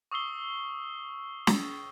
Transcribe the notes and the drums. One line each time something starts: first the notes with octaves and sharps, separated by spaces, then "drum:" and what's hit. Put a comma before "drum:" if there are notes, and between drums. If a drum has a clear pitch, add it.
C#6 D#6 E6 C7 G7
drum: snare